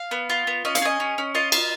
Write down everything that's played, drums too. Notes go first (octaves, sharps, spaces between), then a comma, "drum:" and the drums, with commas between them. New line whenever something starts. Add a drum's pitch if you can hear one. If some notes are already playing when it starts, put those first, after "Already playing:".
Already playing: F5
B3
F4
B3
C#4 D#5
F5, drum: hi-hat
G#4 D#5
C#4
C#4
F4 D#5
F4, drum: cymbal